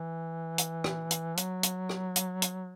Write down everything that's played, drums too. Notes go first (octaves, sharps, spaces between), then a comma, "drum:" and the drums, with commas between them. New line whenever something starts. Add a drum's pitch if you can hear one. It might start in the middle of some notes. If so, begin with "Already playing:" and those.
Already playing: E3
drum: hi-hat
drum: rim click
drum: hi-hat
F#3, drum: hi-hat
drum: hi-hat
drum: rim click
drum: hi-hat
drum: hi-hat